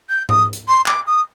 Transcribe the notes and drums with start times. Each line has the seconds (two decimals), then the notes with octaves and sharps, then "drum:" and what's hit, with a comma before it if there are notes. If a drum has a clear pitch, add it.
0.09 G6
0.29 D#6, drum: tom G#2
0.53 drum: hi-hat
0.68 C6
0.86 D6, drum: clap
1.06 D#6